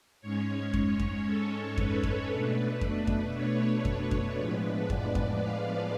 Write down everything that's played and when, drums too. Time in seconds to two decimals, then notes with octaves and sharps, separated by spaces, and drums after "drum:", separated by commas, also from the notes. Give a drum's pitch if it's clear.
0.21 G#2 G#3 C#4 C#5
0.74 drum: kick F2
0.99 drum: kick F2
1.26 A4
1.77 B4, drum: kick F2
2.03 drum: kick F2
2.29 B2 A3 D4
2.81 drum: kick F2
3.07 drum: kick F2
3.34 C#5
3.85 C#5, drum: kick F2
4.11 drum: kick F2
4.37 A2 F3 G#3 B3 D4 B4
4.90 D5, drum: kick F2
5.15 drum: kick F2
5.41 F5